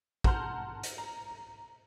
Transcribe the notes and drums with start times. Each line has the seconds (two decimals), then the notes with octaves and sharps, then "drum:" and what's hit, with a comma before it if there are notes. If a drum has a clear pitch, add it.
0.24 F#5 A5 A#5 C6 F6 G6, drum: kick
0.83 drum: hi-hat
0.98 A#5